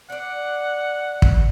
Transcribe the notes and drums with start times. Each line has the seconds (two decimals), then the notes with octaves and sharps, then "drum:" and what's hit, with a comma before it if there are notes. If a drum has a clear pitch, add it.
0.10 D4 D5 F#5
1.22 drum: kick